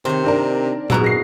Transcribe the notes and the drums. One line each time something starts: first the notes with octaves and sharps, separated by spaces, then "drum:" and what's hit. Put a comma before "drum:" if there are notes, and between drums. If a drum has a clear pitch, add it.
C3 D#3 C5 C#5
C4 D4 A#4
E2 G#2 B2 G#3 E4 F#4 A#5, drum: tom A#2
F#2 A#6 C7